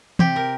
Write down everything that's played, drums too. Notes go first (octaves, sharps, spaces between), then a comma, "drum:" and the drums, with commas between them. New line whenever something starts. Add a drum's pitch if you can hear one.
C3 G4, drum: tom
A#4